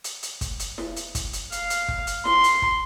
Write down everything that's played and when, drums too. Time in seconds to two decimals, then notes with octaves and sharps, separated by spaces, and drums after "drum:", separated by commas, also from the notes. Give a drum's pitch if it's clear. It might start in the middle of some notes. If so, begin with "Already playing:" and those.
0.04 drum: hi-hat
0.23 drum: hi-hat
0.41 drum: kick, hi-hat
0.59 drum: hi-hat
0.78 drum: snare E4
0.96 drum: hi-hat
1.15 drum: kick, hi-hat
1.33 drum: hi-hat
1.52 F5, drum: hi-hat
1.70 drum: hi-hat
1.88 drum: kick
2.07 drum: hi-hat
2.25 C6, drum: snare E4
2.44 drum: hi-hat
2.62 drum: kick